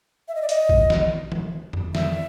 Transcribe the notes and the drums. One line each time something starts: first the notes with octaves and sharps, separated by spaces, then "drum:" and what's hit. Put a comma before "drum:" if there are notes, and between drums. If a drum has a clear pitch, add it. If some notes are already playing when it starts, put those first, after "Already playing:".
E5
D#5
D5
D#5, drum: hi-hat
drum: kick A#1
drum: snare E3
drum: tom
drum: tom F2
E5, drum: snare E3